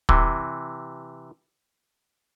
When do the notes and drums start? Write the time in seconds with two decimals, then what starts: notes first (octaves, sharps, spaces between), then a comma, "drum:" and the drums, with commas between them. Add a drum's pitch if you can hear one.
0.09 C3 E3, drum: kick